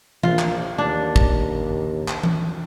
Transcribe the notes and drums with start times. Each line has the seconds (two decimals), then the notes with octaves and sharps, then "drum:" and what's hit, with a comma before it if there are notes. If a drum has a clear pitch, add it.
0.23 A#1 F4, drum: tom E3
0.39 drum: clap
0.78 D#2 D4
1.16 drum: kick
2.08 drum: clap
2.23 drum: tom E3